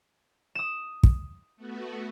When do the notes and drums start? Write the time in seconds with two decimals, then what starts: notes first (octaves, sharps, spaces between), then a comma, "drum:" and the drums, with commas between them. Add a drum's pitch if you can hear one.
0.55 D#6 E7
1.03 drum: kick
1.56 A3 B3 F#4